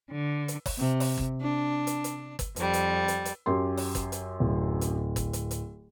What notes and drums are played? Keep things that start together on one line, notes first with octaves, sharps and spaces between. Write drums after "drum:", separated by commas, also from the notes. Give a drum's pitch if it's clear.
D3
drum: hi-hat
drum: kick, open hi-hat
C3
drum: open hi-hat
drum: kick
D4
drum: hi-hat
drum: hi-hat
drum: kick, hi-hat
F2 G3, drum: hi-hat
drum: hi-hat
drum: hi-hat
drum: hi-hat
F#2 G4 C6
drum: open hi-hat
drum: kick, hi-hat
drum: hi-hat
D1
drum: hi-hat
drum: kick, hi-hat
drum: hi-hat
drum: hi-hat